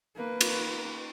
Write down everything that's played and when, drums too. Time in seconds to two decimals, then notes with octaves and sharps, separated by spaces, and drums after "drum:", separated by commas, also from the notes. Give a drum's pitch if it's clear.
0.16 A#3 B4
0.41 drum: cymbal